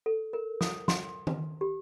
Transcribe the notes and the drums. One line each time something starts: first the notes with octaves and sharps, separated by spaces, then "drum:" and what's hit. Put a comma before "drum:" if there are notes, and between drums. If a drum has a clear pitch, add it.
A4
A#4
D#6, drum: snare
C6, drum: snare
drum: tom D#3
G4